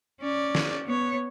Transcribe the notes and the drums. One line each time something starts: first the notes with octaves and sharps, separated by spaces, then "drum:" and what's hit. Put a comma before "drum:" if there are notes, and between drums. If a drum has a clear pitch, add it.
C#4 D5
drum: snare
B3 C#5